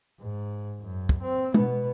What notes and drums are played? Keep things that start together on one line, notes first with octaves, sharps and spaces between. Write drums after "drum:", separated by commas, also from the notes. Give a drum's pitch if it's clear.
G#2
F#2
drum: kick
C4
B2 B3, drum: tom G#3